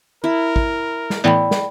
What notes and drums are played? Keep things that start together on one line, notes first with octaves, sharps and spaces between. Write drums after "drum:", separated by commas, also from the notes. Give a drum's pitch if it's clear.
E4 A#4 E5
drum: kick
drum: snare
A2 E3 B3 D5 G5 B5
drum: snare